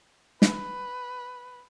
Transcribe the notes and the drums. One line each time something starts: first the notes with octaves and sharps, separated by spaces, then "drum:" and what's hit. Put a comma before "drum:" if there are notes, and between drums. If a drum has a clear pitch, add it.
B4, drum: snare